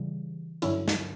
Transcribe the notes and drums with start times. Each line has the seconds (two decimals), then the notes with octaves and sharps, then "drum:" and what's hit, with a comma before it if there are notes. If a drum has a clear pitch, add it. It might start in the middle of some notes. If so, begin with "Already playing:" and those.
Already playing: C#3 E3 G3
0.62 G2 D3 F#3 C#4 E4, drum: hi-hat
0.88 drum: snare